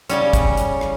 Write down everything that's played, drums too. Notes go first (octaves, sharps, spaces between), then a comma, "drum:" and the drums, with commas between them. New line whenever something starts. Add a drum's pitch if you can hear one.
C#3 G3 C#4, drum: hi-hat
drum: kick, hi-hat
drum: hi-hat
drum: rim click